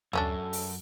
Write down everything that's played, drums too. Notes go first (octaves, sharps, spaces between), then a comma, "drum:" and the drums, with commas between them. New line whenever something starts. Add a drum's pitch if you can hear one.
F#2 A3 C#4 D4 A4, drum: tom D2
drum: open hi-hat